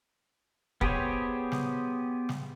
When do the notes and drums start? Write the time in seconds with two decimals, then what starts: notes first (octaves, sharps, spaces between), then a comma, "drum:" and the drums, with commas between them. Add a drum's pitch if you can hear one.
0.81 B3 G4 G#4 C5 C#5, drum: kick
1.52 drum: snare
2.29 drum: snare